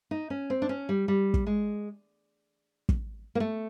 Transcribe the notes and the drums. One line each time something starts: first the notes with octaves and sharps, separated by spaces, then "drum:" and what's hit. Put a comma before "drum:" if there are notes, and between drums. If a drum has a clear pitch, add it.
D#4
C#4
C4
D4
C#4
G3
G3
drum: kick
G#3
drum: kick
A#3
A3